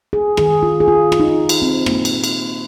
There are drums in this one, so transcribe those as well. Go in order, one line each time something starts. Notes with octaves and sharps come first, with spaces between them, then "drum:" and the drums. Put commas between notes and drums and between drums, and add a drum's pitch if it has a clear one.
G#4
D#3 G#3 G#4, drum: rim click
F4
G#4
F4
F4, drum: rim click
D#4
F4
drum: cymbal
C4
A#2 G#3 A#3, drum: rim click
drum: cymbal
drum: cymbal